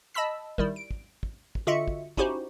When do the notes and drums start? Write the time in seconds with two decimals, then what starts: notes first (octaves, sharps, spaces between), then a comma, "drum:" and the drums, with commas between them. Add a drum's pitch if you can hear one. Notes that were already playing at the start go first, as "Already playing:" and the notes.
0.14 D#5 A5 B5 E6 B6
0.58 D#3 G3 E4, drum: kick
0.76 D7
0.91 drum: kick
1.23 drum: kick
1.55 drum: kick
1.67 D3 F4 F#4 D#5 E5 C#7
1.88 drum: kick
2.17 C#4 D#4 E4 F#4 G4 C5, drum: kick